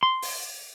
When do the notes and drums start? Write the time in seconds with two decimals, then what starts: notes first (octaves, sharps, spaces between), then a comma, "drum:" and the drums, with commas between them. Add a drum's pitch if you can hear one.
0.03 C6
0.22 drum: open hi-hat